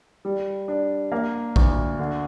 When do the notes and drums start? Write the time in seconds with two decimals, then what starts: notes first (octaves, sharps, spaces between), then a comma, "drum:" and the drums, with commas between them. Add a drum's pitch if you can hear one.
0.25 G3
0.68 D4
1.12 A#3
1.56 D2, drum: kick A#1
1.99 D3